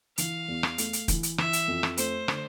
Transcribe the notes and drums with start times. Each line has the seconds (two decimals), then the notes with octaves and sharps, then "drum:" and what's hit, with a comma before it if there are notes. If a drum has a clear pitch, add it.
0.18 E3 F5, drum: hi-hat
0.48 E2
0.63 drum: rim click
0.78 A3, drum: hi-hat
0.93 drum: hi-hat
1.08 E3, drum: kick, hi-hat
1.23 drum: hi-hat
1.38 E3 E5, drum: rim click
1.53 drum: hi-hat
1.68 F2
1.83 drum: rim click
1.97 A3 C5, drum: hi-hat
2.28 D3, drum: rim click